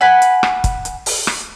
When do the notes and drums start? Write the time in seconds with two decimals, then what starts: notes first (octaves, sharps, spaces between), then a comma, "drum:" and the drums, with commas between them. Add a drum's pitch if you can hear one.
0.01 F#5 G#5 B5
0.22 drum: hi-hat
0.43 drum: rim click
0.64 drum: kick, hi-hat
0.85 drum: hi-hat
1.06 drum: open hi-hat
1.27 drum: rim click